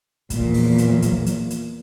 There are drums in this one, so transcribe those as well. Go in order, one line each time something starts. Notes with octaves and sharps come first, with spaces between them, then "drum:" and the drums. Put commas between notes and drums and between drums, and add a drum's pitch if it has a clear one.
E2 A#2 F3 F#3, drum: kick, hi-hat
drum: open hi-hat
drum: hi-hat
drum: kick, hi-hat
drum: hi-hat
drum: hi-hat